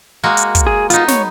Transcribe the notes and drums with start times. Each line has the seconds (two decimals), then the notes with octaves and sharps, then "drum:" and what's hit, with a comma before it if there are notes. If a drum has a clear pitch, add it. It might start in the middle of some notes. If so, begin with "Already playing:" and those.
0.23 G#3 A#3 F#4
0.37 drum: hi-hat
0.55 drum: kick, hi-hat
0.67 G#4
0.90 B3 D#4 F4, drum: hi-hat
1.08 C#5, drum: snare